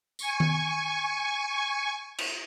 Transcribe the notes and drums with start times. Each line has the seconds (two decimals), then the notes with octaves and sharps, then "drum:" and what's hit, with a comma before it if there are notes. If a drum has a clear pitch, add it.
0.19 G#5 C#6, drum: tambourine
0.40 drum: tom D#3
2.18 drum: cymbal